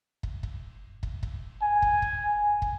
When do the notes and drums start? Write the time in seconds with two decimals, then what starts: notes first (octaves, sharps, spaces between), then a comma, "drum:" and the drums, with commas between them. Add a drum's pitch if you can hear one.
0.23 drum: kick
0.43 drum: kick
1.03 drum: kick
1.23 drum: kick
1.62 G#5
1.82 drum: kick
2.02 drum: kick
2.62 drum: kick